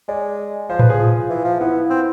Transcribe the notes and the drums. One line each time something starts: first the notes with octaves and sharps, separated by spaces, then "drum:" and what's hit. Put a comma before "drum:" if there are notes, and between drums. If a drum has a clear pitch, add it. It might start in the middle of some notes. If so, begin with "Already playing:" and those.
G#3 D5
F3 C5
B4, drum: tom A2
G#4
F4
E3
F3
B3 E4
C4